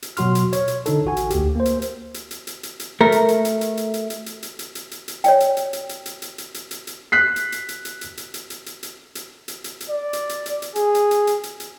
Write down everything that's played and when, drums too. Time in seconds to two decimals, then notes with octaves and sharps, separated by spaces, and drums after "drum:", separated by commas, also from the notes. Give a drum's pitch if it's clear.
0.02 drum: hi-hat
0.17 B2 F#3 F#4 C6 F6, drum: hi-hat
0.35 drum: hi-hat
0.53 C#5, drum: hi-hat
0.68 drum: hi-hat
0.86 D3 D#4 A4, drum: hi-hat
1.05 A1 F#4 G#5
1.17 drum: hi-hat
1.30 D2 G4, drum: hi-hat
1.56 A#3 C5
1.65 drum: hi-hat
1.82 drum: hi-hat
2.14 drum: hi-hat
2.31 drum: hi-hat
2.47 drum: hi-hat
2.63 drum: hi-hat
2.80 drum: hi-hat
3.01 A3 A#4
3.12 drum: hi-hat
3.28 drum: hi-hat
3.45 drum: hi-hat
3.61 drum: hi-hat
3.77 drum: hi-hat
3.94 drum: hi-hat
4.10 drum: hi-hat
4.26 drum: hi-hat
4.43 drum: hi-hat
4.59 drum: hi-hat
4.75 drum: hi-hat
4.91 drum: hi-hat
5.08 drum: hi-hat
5.24 C#5 D5 G5, drum: hi-hat
5.40 drum: hi-hat
5.57 drum: hi-hat
5.73 drum: hi-hat
5.89 drum: hi-hat
6.06 drum: hi-hat
6.22 drum: hi-hat
6.38 drum: hi-hat
6.54 drum: hi-hat
6.71 drum: hi-hat
6.87 drum: hi-hat
7.12 F#6 B6 C7
7.36 drum: hi-hat
7.52 drum: hi-hat
7.69 drum: hi-hat
7.85 drum: hi-hat
8.01 drum: hi-hat
8.17 drum: hi-hat
8.34 drum: hi-hat
8.50 drum: hi-hat
8.66 drum: hi-hat
8.83 drum: hi-hat
9.15 drum: hi-hat
9.48 drum: hi-hat
9.64 drum: hi-hat
9.80 drum: hi-hat
9.90 D5
10.13 drum: hi-hat
10.29 drum: hi-hat
10.46 drum: hi-hat
10.62 drum: hi-hat
10.76 G#4, drum: hi-hat
10.95 drum: hi-hat
11.11 drum: hi-hat
11.27 drum: hi-hat
11.43 drum: hi-hat
11.60 drum: hi-hat